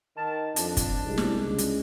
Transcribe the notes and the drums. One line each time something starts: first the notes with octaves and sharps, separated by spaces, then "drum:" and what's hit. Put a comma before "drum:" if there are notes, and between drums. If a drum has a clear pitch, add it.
D#3 A5
F2 D4, drum: hi-hat
drum: kick, hi-hat
C2 G#3
drum: snare
C#2
drum: hi-hat